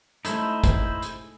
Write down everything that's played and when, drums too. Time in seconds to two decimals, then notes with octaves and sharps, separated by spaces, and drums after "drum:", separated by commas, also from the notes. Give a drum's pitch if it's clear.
0.25 A3 C#4 D#4 E4 A4 C5, drum: hi-hat
0.64 drum: kick, hi-hat
1.02 drum: hi-hat